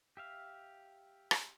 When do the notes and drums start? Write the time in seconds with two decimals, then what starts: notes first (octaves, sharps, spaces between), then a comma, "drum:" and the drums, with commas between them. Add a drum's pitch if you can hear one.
0.17 G4 E5 F5
1.31 drum: rim click